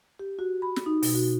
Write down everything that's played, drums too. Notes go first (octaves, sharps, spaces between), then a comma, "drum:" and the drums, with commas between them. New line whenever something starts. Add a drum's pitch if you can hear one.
G4
F#4
B5
drum: snare
D#4
B2, drum: open hi-hat
F#4